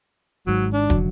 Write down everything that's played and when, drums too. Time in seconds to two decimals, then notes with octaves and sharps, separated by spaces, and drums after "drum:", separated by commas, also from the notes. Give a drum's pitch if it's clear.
0.47 G#1 G#2 F#3
0.73 D4
0.90 F1 D3 F#3, drum: kick, hi-hat